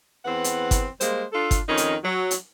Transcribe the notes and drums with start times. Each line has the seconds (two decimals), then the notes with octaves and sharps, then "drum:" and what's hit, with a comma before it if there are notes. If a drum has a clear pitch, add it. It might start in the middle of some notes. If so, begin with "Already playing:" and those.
0.25 E2 C4 B4 F#5
0.44 drum: hi-hat
0.71 drum: kick G1, hi-hat
1.01 G3 G#3 A#3 C5, drum: hi-hat
1.33 D4 F4 A4
1.51 drum: kick G1, hi-hat
1.68 F2 D#3 C#4 D#4
1.77 drum: hi-hat
2.04 F#3
2.31 drum: hi-hat